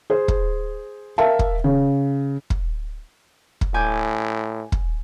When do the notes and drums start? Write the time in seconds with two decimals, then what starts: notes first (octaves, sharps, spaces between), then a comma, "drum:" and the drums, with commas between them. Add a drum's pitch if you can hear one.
0.10 G#4 C5
0.28 drum: kick
1.18 A#4 E5 F5 A5
1.39 drum: kick
1.64 C#3
2.50 drum: kick
3.61 drum: kick
3.74 A2 G#5 D6 G6
4.72 drum: kick